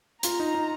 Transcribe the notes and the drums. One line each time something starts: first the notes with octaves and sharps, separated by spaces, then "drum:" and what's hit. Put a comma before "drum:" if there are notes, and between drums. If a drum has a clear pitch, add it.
F4 A#5, drum: hi-hat
D#4
D#4